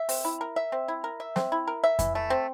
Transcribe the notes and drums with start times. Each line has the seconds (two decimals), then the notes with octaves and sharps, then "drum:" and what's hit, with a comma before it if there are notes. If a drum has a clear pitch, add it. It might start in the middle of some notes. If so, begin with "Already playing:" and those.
Already playing: E5
0.09 C4, drum: open hi-hat
0.25 E4
0.41 A#4
0.56 E5
0.72 C4
0.88 E4
1.04 A#4
1.20 E5
1.36 C4, drum: snare
1.52 E4
1.68 A#4
1.84 E5
1.99 E3, drum: kick F2, hi-hat
2.15 A3
2.30 C4